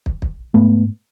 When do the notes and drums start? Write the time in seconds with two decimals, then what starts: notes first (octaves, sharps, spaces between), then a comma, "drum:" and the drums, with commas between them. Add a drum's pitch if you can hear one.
0.06 drum: kick
0.22 drum: kick
0.54 G#2 A3 B3